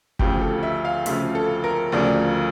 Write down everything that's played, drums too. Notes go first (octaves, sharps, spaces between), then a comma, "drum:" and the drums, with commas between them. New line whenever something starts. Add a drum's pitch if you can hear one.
D2 C#3 F3 G4, drum: kick F#1
A4
E5
F5
D2 C#3 F3 E5, drum: hi-hat
A4
A#4
D2 C#3 F3 D5